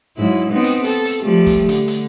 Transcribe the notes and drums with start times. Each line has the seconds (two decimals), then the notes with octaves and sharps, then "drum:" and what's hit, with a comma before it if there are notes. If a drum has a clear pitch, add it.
0.17 G#2 F#3 E4
0.50 B3 C4 D#4
0.64 drum: hi-hat
0.85 A4, drum: hi-hat
1.05 drum: hi-hat
1.22 F3 G3 A3
1.46 drum: kick, hi-hat
1.69 D3, drum: hi-hat
1.88 drum: hi-hat